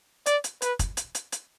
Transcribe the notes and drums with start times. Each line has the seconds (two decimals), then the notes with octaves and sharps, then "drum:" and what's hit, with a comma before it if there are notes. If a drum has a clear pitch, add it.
0.26 D5, drum: hi-hat
0.44 drum: hi-hat
0.62 B4, drum: hi-hat
0.79 drum: kick, hi-hat
0.97 drum: hi-hat
1.15 drum: hi-hat
1.32 drum: hi-hat